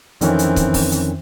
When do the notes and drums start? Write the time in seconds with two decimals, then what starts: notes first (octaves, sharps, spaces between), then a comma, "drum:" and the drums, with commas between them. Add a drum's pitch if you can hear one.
0.21 F2 D#3 E3 C4 C#4, drum: hi-hat
0.39 drum: hi-hat
0.56 drum: kick, hi-hat
0.74 drum: kick, open hi-hat
0.92 drum: hi-hat